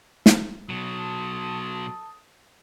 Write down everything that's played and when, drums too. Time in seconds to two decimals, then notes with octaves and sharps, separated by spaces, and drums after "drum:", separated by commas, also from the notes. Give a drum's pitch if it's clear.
0.26 drum: snare
0.69 B2 F#3 A4 A5 D#6